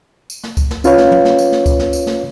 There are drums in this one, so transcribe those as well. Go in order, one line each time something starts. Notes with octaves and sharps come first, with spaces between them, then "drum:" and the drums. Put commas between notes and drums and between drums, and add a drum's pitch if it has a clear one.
drum: tambourine
drum: snare
drum: kick C#2, tambourine
drum: snare
C#4 F4 B4 C#5 F5, drum: tambourine
drum: snare
drum: tom
drum: snare
drum: tambourine
drum: snare
drum: kick C#2, tambourine
drum: snare
drum: tambourine
drum: snare